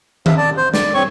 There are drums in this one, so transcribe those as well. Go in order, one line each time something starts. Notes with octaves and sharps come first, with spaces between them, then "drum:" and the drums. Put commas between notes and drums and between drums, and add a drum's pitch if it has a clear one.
E5 F5, drum: tom D#3
D5 A5
C5
D5, drum: snare
C4 C#5 C#6